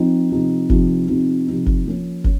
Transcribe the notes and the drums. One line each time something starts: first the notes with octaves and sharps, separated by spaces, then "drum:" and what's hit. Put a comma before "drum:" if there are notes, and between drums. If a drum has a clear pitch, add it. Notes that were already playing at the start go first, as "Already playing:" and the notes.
Already playing: F3 C4 D#4
C3 F3 C4 D#4
C3 F3 C4 D#4, drum: kick
C3 F3 C4 D#4
C3 F3 C4 D#4
drum: kick
F3 A#3 C#4
C#4, drum: kick